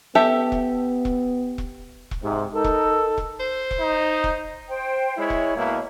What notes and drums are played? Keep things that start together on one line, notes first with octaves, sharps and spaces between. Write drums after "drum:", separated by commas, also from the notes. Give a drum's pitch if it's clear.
B3 G4 A4 E5
drum: kick E1
drum: kick E1
drum: kick E1
drum: kick E1
G#2 C3
D#4 A4 A#4
drum: kick E1
drum: kick E1
C5
drum: kick E1
D#4
drum: kick E1
C5 G5
G#3 E4 C#5
drum: kick E1
B2 A#3 E4